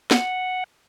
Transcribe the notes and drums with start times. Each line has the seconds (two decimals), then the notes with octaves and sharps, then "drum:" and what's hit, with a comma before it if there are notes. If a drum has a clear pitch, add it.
0.11 F#5, drum: snare